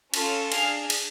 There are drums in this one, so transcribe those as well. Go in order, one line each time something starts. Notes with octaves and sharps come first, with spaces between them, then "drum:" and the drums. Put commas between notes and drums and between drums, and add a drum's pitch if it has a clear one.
C#4 F4 A4, drum: cymbal
D4 G#4 F5 G#5, drum: cymbal
drum: cymbal